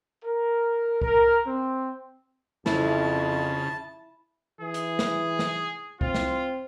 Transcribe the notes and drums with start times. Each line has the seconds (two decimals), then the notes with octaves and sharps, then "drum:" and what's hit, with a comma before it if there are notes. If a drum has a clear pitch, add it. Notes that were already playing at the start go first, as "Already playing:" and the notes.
0.25 A#4
1.02 A#4, drum: kick C2
1.46 C4
2.66 F2 C#3 E4 A5, drum: snare
4.61 E3 G#4
4.74 drum: hi-hat
4.99 drum: snare
5.39 drum: snare
6.01 C4 F4, drum: kick C2
6.14 drum: snare